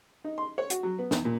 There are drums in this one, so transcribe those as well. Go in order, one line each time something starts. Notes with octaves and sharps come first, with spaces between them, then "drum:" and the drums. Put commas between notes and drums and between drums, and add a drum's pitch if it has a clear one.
D#4
C6
C#5
F#4, drum: hi-hat
F#3
B3
E2, drum: snare
A#2